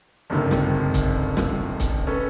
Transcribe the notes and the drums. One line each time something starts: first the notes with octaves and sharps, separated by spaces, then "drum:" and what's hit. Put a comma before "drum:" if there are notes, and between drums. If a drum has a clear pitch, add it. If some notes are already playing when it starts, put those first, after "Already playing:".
G1 C#2 F#2 C3 D#3
drum: snare
drum: kick C#1, hi-hat
drum: snare
drum: kick C#1, hi-hat
C#4 A4 B4